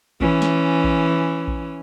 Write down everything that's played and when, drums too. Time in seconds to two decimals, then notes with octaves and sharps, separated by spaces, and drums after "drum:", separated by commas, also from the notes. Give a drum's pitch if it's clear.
0.21 E3 C#4, drum: kick A#1
0.42 drum: snare
0.84 drum: kick A#1
1.48 drum: kick A#1